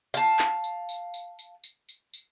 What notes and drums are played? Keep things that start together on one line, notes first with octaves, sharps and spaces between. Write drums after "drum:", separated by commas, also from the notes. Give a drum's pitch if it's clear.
F5 A5, drum: tambourine
drum: clap
drum: tambourine
drum: tambourine
drum: tambourine
drum: tambourine
drum: tambourine
drum: tambourine
drum: tambourine